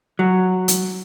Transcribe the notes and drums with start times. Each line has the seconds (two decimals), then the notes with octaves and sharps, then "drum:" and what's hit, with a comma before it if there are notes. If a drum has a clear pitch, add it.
0.19 F#3
0.68 drum: hi-hat